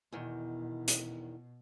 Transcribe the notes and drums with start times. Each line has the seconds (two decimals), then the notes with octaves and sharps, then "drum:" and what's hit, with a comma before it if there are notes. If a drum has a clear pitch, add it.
0.12 E2 B2 D#3
0.88 drum: hi-hat